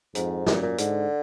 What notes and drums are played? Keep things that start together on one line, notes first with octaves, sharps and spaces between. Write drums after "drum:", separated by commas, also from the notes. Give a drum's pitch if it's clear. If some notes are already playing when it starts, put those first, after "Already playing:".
F2 G#2, drum: hi-hat
F#2 A#2, drum: snare
A#2
G#2 D3, drum: hi-hat